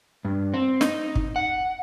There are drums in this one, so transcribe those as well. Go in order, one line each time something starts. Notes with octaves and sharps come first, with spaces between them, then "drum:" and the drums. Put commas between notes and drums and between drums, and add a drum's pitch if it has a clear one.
G2
C4
D#4, drum: snare
drum: kick
F#5